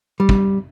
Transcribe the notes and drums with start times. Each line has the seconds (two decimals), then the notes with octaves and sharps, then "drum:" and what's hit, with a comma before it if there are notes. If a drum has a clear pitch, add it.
0.20 G3
0.29 drum: kick